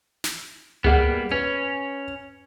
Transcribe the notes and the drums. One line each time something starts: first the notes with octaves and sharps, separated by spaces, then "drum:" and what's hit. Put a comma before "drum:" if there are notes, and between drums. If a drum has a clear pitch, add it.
drum: snare
G3 A#3 B3 G#4 F#5, drum: tom C#2
C#4 B4